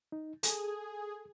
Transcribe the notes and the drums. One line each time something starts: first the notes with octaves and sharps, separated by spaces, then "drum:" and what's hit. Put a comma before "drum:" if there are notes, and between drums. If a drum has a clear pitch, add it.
D#4
G#4 A4, drum: hi-hat